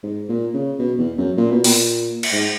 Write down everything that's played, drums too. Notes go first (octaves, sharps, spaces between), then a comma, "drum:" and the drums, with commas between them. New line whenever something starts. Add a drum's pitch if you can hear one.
G#2
A#2
C#3
B2
E2
F#2
A#2
B2
A#2, drum: open hi-hat
drum: cymbal
G#2